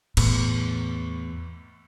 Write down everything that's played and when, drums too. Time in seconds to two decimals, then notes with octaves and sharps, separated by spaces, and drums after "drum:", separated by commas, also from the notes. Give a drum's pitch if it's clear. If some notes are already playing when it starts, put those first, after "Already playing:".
0.17 E2 A2, drum: cymbal